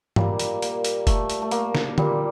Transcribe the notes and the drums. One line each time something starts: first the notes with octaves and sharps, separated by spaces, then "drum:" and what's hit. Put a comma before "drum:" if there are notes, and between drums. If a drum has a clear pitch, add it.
A#2 G3 A#3, drum: tom G2
drum: hi-hat
A#3, drum: hi-hat
drum: hi-hat
A3, drum: kick F1, hi-hat
drum: hi-hat
A3
A#3, drum: hi-hat
drum: snare
A#2 G3, drum: tom